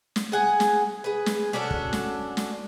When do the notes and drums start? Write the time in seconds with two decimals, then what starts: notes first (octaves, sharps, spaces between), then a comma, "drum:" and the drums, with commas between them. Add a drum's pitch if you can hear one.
0.16 drum: snare
0.32 G#4 F#5 G#5
0.60 drum: snare
1.04 G#4 B4
1.26 drum: snare
1.53 C#4 D4 F#4 A4
1.71 drum: kick
1.93 drum: snare
2.37 drum: snare